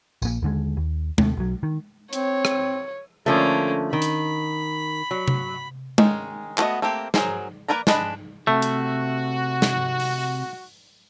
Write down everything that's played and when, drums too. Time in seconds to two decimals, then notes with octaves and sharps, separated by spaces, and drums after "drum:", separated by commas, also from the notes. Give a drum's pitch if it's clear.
0.22 A#1 A#2, drum: tambourine
0.42 D#2 D3 G#3
0.77 D#2
1.18 D#2 C3 A3, drum: tom G#3
1.37 B1 F#3
1.63 D#3
2.13 C4 C#5, drum: hi-hat
2.45 drum: rim click
3.26 D3 F3 A3 A#3 C#4
3.93 D#3 B5
4.02 drum: hi-hat
5.11 F#3
5.28 drum: tom C3
5.98 D#3 G#3 C#4, drum: tom G#3
6.58 A3 B3 F#4 D#5, drum: clap
6.82 A3 A#3 C4 G4
7.14 F#3 F4 G#4 A#4 C5, drum: snare
7.68 A#3 A#4 B4 D5 A#5
7.87 G#3 D4 B4 D#5 B5, drum: snare
8.47 C3 A3 F#4 E5
8.62 drum: hi-hat
9.62 drum: snare
10.00 drum: open hi-hat